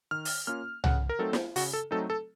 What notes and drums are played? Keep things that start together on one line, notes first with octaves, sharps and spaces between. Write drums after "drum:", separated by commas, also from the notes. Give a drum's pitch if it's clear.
D#3 F6
drum: open hi-hat
A#3 C#4 F4 F6
C#3 F#5, drum: tom C2
A#4
F#3 A3 C4 D#4 A4
drum: snare
C#3 F#4, drum: open hi-hat
A4
F#3 A3 C4 D#4 A4
A4